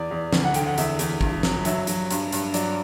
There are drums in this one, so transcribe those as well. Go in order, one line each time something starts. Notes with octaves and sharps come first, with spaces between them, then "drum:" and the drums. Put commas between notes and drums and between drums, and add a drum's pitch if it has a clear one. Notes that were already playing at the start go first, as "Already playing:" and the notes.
Already playing: E2 D5
E2
D2, drum: snare
F#5
D3 G5, drum: hi-hat
F#5
E2 E5, drum: hi-hat
E2, drum: hi-hat
G2, drum: kick
F#3, drum: snare
F#3 E5, drum: hi-hat
F#3, drum: hi-hat
G2, drum: hi-hat
G2, drum: hi-hat
F#3 D5, drum: hi-hat